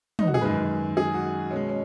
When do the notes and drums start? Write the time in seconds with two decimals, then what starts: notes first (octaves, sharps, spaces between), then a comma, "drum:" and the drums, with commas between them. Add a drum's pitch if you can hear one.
0.19 D#4, drum: tom
0.27 F#4
0.34 G#4
0.41 F#2 D#3 G#3 B4
0.97 G#4
1.14 F#4
1.51 B2 G#3 C#4
1.69 C#4